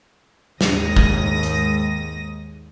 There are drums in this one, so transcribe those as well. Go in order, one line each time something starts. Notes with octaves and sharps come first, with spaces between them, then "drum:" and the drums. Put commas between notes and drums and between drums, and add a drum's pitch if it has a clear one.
D#2 G#2 D#6 A#6, drum: snare
drum: kick
drum: hi-hat